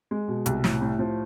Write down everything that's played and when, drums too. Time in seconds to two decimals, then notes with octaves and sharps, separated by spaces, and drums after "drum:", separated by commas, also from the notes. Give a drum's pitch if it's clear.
0.11 G#3
0.28 B2
0.46 C2, drum: hi-hat
0.64 A2, drum: snare
0.82 A2
0.99 F3